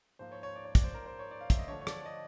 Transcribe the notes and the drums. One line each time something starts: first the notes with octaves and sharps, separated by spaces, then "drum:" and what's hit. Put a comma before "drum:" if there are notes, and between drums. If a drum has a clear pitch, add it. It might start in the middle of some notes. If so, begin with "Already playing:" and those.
G#2 F3 A#3 C5
C#5
C#5
D5
C#5
D5, drum: kick, hi-hat
C5
A#4
C5
C#5
D5
F5
E5, drum: kick, hi-hat
D#5
D3 F3 A3 D4 C#5
C#5
D5, drum: rim click
D#5